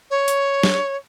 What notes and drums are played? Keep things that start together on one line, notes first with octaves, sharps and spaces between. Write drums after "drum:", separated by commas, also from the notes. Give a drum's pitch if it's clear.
C#5
drum: hi-hat
drum: snare